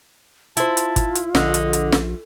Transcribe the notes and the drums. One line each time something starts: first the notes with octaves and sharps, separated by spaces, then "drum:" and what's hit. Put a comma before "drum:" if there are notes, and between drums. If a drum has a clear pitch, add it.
E4 F4 C5 A5, drum: hi-hat
drum: hi-hat
drum: kick, hi-hat
drum: hi-hat
A#1 D3 D#5, drum: snare
drum: hi-hat
drum: hi-hat
drum: snare